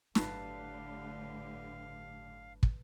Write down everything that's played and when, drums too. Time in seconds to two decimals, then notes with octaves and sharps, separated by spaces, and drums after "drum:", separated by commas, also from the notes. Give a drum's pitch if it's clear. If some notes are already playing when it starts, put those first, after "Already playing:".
0.15 G1 A2 D3 F#3 G4 B4 F5 A5, drum: snare
2.63 drum: kick